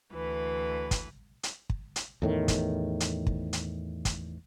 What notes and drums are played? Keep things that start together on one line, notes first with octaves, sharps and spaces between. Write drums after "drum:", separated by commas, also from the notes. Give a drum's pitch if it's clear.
D2 E3 B4
drum: kick, hi-hat
drum: hi-hat
drum: kick
drum: hi-hat
E2 A2 D#3
drum: kick, hi-hat
drum: hi-hat
drum: kick
drum: hi-hat
drum: kick, hi-hat